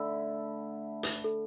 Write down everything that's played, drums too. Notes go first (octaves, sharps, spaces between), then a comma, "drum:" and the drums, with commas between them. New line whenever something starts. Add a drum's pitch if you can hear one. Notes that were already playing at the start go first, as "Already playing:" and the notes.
Already playing: D3 A3 E4 A4
drum: hi-hat
A4